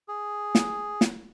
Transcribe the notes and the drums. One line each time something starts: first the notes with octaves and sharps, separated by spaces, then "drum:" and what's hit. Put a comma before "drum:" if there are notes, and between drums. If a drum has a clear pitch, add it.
G#4
drum: snare
drum: snare